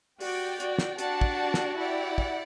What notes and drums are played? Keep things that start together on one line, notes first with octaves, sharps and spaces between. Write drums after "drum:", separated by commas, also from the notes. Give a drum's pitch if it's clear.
F#4 G4 D5 G5, drum: open hi-hat
F#4, drum: hi-hat
drum: snare
D4 F#4 G4 D5 F#5 A5, drum: hi-hat
drum: kick
drum: snare
E4 G4 D5 F#5
drum: kick